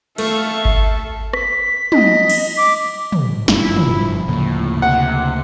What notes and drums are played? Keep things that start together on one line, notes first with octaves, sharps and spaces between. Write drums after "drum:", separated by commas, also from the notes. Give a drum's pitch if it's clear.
A3 A4 E5 F5 C#6, drum: cymbal
drum: kick G1
B6, drum: rim click
D#5, drum: tom
drum: cymbal
D6
drum: tom
F#1 G2 F3 E4, drum: snare
drum: tom
D2 A2 C#3 A#3
C3 F#5